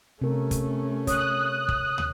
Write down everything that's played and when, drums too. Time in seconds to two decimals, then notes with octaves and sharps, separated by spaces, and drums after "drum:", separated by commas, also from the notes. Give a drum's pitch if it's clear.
0.22 C3 A3 C#4 A#4
0.51 drum: kick, hi-hat
1.07 C#5 D#6 F#6, drum: kick, hi-hat
1.69 drum: kick
1.98 drum: tom